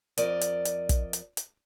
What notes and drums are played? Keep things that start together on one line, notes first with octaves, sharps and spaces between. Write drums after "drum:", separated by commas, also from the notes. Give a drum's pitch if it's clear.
F2 A#4 D5 D#5, drum: hi-hat
drum: hi-hat
drum: hi-hat
drum: kick, hi-hat
drum: hi-hat
drum: hi-hat